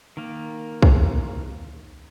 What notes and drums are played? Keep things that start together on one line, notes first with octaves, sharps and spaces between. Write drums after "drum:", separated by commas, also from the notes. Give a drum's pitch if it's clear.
D#3 A#3
drum: kick B1